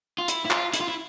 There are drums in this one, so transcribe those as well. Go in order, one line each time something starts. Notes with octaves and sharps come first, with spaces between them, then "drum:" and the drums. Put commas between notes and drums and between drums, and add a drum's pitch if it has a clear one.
F4
E4, drum: hi-hat
E4
F4, drum: clap
E4, drum: hi-hat
F4
E4